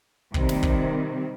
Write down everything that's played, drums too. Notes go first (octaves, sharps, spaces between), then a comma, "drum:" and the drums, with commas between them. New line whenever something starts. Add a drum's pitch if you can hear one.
C3 D#3 G3, drum: kick
drum: snare
drum: kick